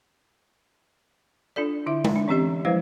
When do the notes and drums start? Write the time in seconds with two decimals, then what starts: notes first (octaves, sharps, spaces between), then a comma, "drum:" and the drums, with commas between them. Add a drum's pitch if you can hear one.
1.56 D4 F4 A4 D5
1.86 D3 E4 E5
2.04 drum: tom G#3
2.16 D4
2.28 E3 C4 C#4 G4 D#5 A#5
2.65 F3 G#3 E4 B4 C5 F5